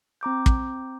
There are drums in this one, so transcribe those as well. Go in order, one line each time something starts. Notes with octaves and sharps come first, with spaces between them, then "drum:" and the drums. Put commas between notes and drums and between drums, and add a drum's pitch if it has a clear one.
C4 A#5 D6 G6
drum: kick